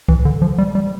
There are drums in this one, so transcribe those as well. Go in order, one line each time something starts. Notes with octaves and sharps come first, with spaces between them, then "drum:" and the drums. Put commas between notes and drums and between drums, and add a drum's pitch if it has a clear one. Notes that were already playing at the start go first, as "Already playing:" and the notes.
E3, drum: kick C2
D3
F3
G3
G3